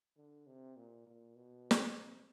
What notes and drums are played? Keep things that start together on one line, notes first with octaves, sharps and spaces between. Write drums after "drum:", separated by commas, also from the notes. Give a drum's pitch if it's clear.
D3
C3
A#2
A#2
B2
drum: snare
C3